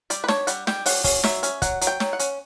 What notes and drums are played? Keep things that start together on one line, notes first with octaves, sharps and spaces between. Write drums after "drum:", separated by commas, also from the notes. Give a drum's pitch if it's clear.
G3 D5, drum: hi-hat
B4
D4 C#5, drum: snare
G3 F#5, drum: hi-hat
G3 G5, drum: snare
C#4 F#5, drum: open hi-hat
C#4, drum: kick, open hi-hat
F#3 E5, drum: snare
C#4, drum: hi-hat
F#3 F#5, drum: kick, hi-hat
F#3, drum: hi-hat
G5
F#3, drum: snare
F#5
C#4, drum: hi-hat